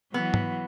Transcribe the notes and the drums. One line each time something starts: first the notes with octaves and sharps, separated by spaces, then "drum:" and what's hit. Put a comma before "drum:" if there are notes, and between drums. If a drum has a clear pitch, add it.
E3 F#3 B3
drum: tom